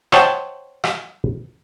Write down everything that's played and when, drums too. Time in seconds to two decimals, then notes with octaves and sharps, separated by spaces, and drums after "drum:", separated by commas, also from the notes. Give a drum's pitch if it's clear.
0.12 C5 C#5 D#5 F#5 G5 A5, drum: rim click
0.84 drum: rim click